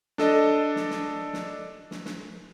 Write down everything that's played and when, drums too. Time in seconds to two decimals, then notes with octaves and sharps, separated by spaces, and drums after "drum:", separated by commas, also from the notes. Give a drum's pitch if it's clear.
0.18 D4 A4 D#5, drum: snare
0.76 drum: snare
0.90 drum: snare
1.33 drum: snare
1.91 drum: snare
2.05 drum: snare